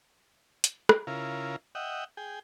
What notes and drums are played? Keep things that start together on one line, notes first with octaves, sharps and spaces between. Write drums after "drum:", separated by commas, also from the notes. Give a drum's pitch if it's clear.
drum: hi-hat
drum: rim click
C#3 E4 F4 A#4
D#5 E5 F#5 G5
G#4 G5